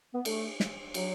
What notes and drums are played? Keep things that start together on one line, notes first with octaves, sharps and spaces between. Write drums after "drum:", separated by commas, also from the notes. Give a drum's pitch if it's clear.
B3
A3, drum: cymbal
drum: snare
F#3, drum: cymbal